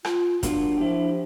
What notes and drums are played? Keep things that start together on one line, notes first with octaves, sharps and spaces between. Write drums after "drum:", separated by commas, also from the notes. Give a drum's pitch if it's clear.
F4, drum: rim click
F#3 A#3 D4 F4, drum: kick, hi-hat
F3 E4 G4